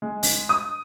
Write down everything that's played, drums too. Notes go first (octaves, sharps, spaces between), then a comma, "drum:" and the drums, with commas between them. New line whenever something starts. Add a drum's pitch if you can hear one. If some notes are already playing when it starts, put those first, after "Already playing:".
G#3
drum: open hi-hat
D#6